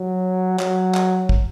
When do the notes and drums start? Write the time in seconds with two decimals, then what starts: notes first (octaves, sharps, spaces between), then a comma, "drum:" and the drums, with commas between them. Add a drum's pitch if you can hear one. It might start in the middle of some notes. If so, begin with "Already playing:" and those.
Already playing: F#3
0.60 F#3, drum: clap
0.95 drum: clap
1.29 drum: kick